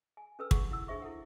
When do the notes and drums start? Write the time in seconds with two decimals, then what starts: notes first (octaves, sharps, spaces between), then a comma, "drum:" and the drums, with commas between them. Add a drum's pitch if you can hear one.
0.17 G#5
0.39 C#4 A4 B4 E6
0.51 D#4 G#4 F#5 C#6, drum: kick
0.71 E4 F#5 E6
0.88 D4 D#4 G#4 C5 E5 C#6
1.02 E4 A4 F#5